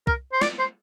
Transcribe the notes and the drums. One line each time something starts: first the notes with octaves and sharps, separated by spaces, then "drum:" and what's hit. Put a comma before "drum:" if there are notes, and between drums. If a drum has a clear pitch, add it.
A#4, drum: kick
C5
D5, drum: snare
C5